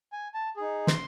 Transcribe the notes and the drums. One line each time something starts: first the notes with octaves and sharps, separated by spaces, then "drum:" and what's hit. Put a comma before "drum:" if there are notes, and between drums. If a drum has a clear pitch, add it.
G#5
A5
D#4 G#4
C6, drum: snare